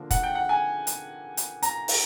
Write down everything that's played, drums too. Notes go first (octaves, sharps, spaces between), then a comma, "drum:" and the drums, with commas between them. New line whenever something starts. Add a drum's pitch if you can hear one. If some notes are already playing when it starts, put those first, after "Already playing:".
Already playing: D3 F3 A#3
F#5, drum: kick, hi-hat
G5
F#5
G#5
drum: hi-hat
drum: hi-hat
A#5, drum: hi-hat
drum: open hi-hat